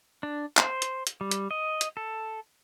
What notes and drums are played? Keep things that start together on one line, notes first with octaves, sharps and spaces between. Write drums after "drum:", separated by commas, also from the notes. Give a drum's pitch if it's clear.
D4
C5, drum: clap
drum: hi-hat
drum: hi-hat
G3
drum: hi-hat
D#5
drum: hi-hat
A4